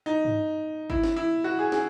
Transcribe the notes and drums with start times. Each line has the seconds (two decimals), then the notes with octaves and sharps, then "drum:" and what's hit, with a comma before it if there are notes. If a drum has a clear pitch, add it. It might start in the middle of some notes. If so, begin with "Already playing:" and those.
0.06 D#4
0.25 drum: tom G2
0.90 E4, drum: kick G1
1.03 drum: snare
1.16 E4
1.44 F#4
1.59 G#4
1.72 G#4, drum: snare